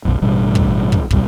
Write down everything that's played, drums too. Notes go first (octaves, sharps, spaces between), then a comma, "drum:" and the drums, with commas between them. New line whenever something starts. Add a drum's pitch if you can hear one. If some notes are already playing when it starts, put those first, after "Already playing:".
B1 F#2
A1 G2 B2 G3
drum: kick
drum: kick
B1 G3, drum: kick